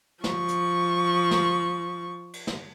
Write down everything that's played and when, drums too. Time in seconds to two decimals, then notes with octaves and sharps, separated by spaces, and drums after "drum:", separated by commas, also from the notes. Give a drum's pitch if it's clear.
0.24 F3 C#6, drum: snare
0.48 drum: hi-hat
1.31 drum: snare
2.34 drum: cymbal
2.47 drum: snare